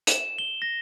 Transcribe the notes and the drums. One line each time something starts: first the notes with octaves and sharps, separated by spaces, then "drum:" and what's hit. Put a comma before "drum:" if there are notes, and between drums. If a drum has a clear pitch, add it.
E7, drum: hi-hat
G7
A#6